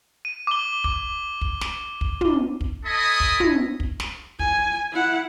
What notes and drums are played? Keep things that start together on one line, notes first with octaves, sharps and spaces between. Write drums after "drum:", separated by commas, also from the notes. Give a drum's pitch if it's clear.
D#7
D6 G7
D6, drum: kick
drum: kick
drum: snare
drum: kick
drum: tom
drum: kick
E4 A4 D#5 G#5 B5 D#6
drum: kick
drum: tom
drum: kick
drum: snare
G#5, drum: kick
E4 F#5